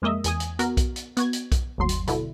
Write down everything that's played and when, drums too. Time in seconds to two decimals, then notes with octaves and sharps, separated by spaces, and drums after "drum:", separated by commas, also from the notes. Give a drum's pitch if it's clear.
0.02 F2 G#3 A#3 D#5 E5
0.24 E2 G#5 D#6, drum: hi-hat
0.40 drum: hi-hat
0.59 B3 F#4 A#4, drum: hi-hat
0.77 drum: kick B1, hi-hat
0.96 drum: hi-hat
1.17 B3 F#4 G#6, drum: hi-hat
1.33 drum: hi-hat
1.52 drum: kick B1, hi-hat
1.78 G1 D#2 F#3 C6
1.89 drum: hi-hat
2.07 B2 D3 E4, drum: hi-hat